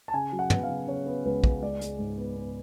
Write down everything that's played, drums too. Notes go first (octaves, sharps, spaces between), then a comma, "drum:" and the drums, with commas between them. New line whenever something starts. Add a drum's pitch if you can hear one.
A5
C#3 G#5
F#3
F#5
B3, drum: tom
F5
C#3
C#3 C#5
B3
C#2 B4
C#2, drum: kick
G#3 D5
G#3, drum: hi-hat
G#2
B3
B3